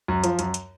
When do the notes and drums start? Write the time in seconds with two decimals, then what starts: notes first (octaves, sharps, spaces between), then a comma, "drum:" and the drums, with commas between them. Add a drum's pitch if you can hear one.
0.08 F#2
0.24 F3, drum: hi-hat
0.39 F#2, drum: hi-hat
0.54 drum: hi-hat